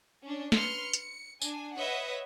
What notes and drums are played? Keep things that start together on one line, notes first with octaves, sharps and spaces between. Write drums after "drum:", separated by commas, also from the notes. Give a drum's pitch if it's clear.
C#4 D4
B4 C6 F6 C#7, drum: snare
C#7
drum: hi-hat
D4 G#5, drum: tambourine
B4 C#5 D#5 E5 F#5